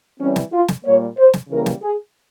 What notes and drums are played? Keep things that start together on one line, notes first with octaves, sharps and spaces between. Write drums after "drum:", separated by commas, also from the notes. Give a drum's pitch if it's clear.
E3 G3 C4 C#4
drum: snare
F4
drum: snare
A#2 G3 A#3 C#5
C5
drum: snare
C#3 E3 G3 A#3 A#4
drum: snare
G#4